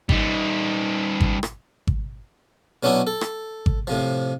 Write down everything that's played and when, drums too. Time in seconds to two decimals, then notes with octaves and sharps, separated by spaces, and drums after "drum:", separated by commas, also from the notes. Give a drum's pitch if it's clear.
0.09 G3 D#4, drum: kick G#1
1.20 drum: kick G#1
1.43 drum: rim click
1.87 drum: kick G#1
2.83 B2 F#3 C#4 D4 E4 F#4
3.07 A4
3.21 drum: rim click
3.66 drum: kick G#1
3.87 A2 C3 F3